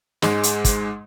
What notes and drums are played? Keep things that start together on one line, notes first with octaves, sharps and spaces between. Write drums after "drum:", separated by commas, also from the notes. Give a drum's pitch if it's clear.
G#2 G#3, drum: snare
drum: hi-hat
drum: kick, hi-hat